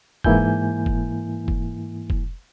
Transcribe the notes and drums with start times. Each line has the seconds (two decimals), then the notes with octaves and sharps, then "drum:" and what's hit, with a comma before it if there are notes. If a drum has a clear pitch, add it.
0.24 G#2 E3 A#3 E4 G#5 G6, drum: kick F1
0.86 drum: kick F1
1.48 drum: kick F1
2.10 drum: kick F1